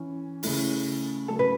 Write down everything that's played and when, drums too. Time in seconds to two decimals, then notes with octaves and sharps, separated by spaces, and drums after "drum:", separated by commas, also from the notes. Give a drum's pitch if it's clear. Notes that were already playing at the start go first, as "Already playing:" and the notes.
Already playing: E3 C#4
0.43 C#3 A3 E4, drum: open hi-hat
1.28 C#3 F#3 A3 C#4 A4
1.39 B4, drum: tom